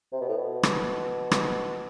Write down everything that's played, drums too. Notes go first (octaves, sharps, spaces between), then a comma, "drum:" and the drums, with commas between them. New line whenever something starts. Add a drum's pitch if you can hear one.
C3
B2
A2
B2
drum: rim click
drum: rim click